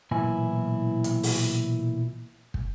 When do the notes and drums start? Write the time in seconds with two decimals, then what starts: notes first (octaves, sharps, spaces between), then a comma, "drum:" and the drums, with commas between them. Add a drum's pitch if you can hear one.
0.11 B1 A#2 E3 E4 G#5
1.04 drum: hi-hat
1.23 drum: open hi-hat
2.54 drum: kick